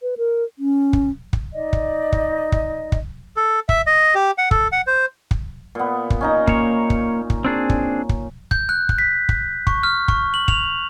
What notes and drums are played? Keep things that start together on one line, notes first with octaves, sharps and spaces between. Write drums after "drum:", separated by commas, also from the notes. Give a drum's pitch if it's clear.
B4
A#4
C#4
drum: kick
drum: kick
D#4 D5 D#5
drum: kick
drum: kick
drum: kick
drum: kick
A4
E5, drum: kick
D#5
G4
F#5
A4, drum: kick
F#5
C5
drum: kick
A#2 B3
drum: kick
C#4 D#4 A#5
A#3 C#5, drum: kick
drum: kick
drum: kick
C4 D4 G#4
drum: kick
drum: kick
G6, drum: kick
F#6
drum: kick
B6
drum: kick
C#6, drum: kick
F6
C#6, drum: kick
F#7
F7, drum: kick